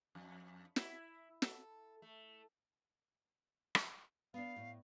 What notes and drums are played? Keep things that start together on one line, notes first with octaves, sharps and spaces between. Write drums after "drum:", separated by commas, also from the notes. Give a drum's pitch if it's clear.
F2
E4, drum: snare
A4, drum: snare
A3
drum: rim click
B3 D4 F5
A2